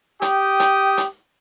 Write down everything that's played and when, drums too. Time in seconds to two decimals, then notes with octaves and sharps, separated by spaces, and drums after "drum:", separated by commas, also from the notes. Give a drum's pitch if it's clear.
0.22 G4 G5 D#6, drum: hi-hat
0.60 drum: hi-hat
0.97 drum: hi-hat